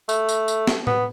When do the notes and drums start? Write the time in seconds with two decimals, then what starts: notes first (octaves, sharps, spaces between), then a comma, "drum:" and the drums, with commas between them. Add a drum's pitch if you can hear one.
0.09 A3, drum: tambourine
0.29 drum: tambourine
0.48 drum: tambourine
0.67 drum: snare
0.87 B3, drum: tom A2